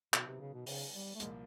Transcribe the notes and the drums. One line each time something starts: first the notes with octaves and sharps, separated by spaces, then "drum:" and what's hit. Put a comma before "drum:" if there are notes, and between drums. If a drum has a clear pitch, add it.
B2 D#3 F#3 B3, drum: clap
C3
C#3
B2
C#3, drum: open hi-hat
G3
A3
C2 A#2 F3 G#3 A#3, drum: hi-hat